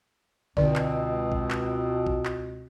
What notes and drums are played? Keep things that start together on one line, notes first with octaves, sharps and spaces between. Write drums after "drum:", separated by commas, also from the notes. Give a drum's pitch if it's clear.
C#2 B2 D3 C4 D5, drum: kick A#1
drum: clap
drum: kick A#1
drum: clap
drum: kick A#1
drum: clap